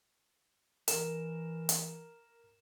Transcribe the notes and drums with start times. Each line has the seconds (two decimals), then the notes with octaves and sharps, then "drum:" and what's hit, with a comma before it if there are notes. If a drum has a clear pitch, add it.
0.88 E3 A#4 E7, drum: hi-hat
1.69 drum: hi-hat